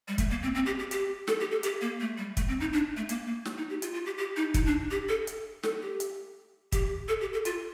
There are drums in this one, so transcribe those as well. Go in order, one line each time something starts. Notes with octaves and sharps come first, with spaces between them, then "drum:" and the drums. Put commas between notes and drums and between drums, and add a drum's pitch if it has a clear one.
G3
A3, drum: kick, hi-hat
A#3
C4
C4
G4
G4
G4, drum: hi-hat
A4, drum: snare
G4
A4
G4, drum: hi-hat
A#3
A3
G3
A3, drum: kick, hi-hat
C4
D#4
D4
A3
A#3, drum: hi-hat
A#3
drum: snare
D#4
G4
F4, drum: hi-hat
F4
G4
G4
D#4
D#4, drum: kick, hi-hat
D4
G4
A4
drum: hi-hat
A4, drum: snare
G4
drum: hi-hat
G4, drum: kick, hi-hat
A4
G4
A4
F4, drum: hi-hat